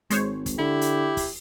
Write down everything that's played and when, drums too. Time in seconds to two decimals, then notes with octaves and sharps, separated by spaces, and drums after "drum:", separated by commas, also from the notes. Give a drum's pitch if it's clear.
0.10 G#1 G#3 C5 C#5, drum: hi-hat
0.46 drum: kick, hi-hat
0.59 D3 E4 G4
0.81 drum: hi-hat
1.17 drum: kick, open hi-hat